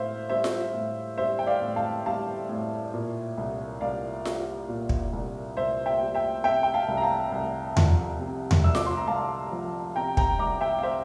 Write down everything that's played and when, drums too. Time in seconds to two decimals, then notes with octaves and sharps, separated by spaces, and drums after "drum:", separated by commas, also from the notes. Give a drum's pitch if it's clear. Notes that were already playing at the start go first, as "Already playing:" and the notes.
Already playing: A2 C5 E5 F5
0.29 G3 C5 E5
0.44 drum: snare F4
0.74 A2
1.17 G3 C5 E5
1.39 G5
1.47 D5 F5
1.62 A2
1.76 F5 A5
2.06 G3 F5 A5
2.49 A2
2.94 A#2
3.38 C2
3.81 C2 D5 F5
4.25 G3, drum: snare F4
4.69 A#2
4.89 drum: kick
5.13 C2
5.57 C2 C5 E5
5.86 E5 G5
6.01 G3
6.14 E5 G5
6.44 C3 E5 G5
6.63 G5
6.74 F5 A5
6.88 C2
6.97 A#5
7.02 F5 A5
7.32 C2
7.77 F3, drum: tom E2
8.19 C3
8.51 drum: tom E2
8.64 C2 E6
8.75 D6, drum: snare F4
8.86 C6
8.97 A#5
9.07 C2 F5 A5
9.52 F3
9.96 C3 G5 A#5
10.17 G5 A#5, drum: kick
10.39 C2 A#5 D6
10.61 E5 G5
10.78 F5
10.83 C5 E5